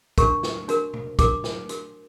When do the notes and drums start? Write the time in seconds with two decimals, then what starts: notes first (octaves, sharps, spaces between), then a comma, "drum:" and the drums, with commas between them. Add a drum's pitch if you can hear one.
0.18 D4 F#4 A#4 C#6, drum: kick, hi-hat
0.43 drum: snare
0.69 D4 F#4 A#4, drum: hi-hat
0.94 drum: tom C3
1.19 D4 F#4 A#4 D6, drum: kick, hi-hat
1.44 drum: snare
1.69 D4 F#4 A#4, drum: hi-hat